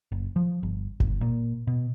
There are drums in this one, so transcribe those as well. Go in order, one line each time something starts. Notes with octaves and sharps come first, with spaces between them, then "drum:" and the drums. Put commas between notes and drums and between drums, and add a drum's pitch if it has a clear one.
F#1
F3
G1
G1, drum: kick F#1
A#2
B2